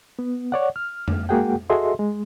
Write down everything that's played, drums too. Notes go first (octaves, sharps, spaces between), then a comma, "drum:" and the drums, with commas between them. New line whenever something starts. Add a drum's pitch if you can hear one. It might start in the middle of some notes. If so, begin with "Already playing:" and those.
B3
C#5 D5 F#5
F6
drum: tom F2
G#3 A#3 F#4 G#4 F#5 G5
F#4 G#4 A4 D#5 E5 C6
G#3